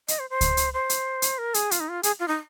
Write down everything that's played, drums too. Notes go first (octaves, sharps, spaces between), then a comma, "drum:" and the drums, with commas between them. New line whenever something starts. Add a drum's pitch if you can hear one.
D#5, drum: hi-hat
C5
C5
drum: kick C#2, hi-hat
drum: hi-hat
C5
drum: hi-hat
drum: hi-hat
A#4
G#4, drum: hi-hat
F4, drum: hi-hat
D#4
F4
G#4, drum: hi-hat
F4
D#4